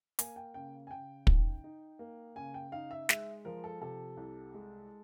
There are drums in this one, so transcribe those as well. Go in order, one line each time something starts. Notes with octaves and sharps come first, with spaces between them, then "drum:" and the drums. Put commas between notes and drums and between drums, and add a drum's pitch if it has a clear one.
A#3 G#5, drum: hi-hat
G5
C#3 G5
G#5
C#3 G5
D#4, drum: kick
D#4
A#3
C#3 G#5
G5
D#4 F5
E5
G#3 E5, drum: snare
F3 A#4
A4
C3 A4
C2
G#3